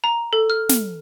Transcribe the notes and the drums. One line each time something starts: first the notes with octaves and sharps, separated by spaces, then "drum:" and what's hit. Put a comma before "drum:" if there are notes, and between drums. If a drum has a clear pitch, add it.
A#5
A4
F6
drum: snare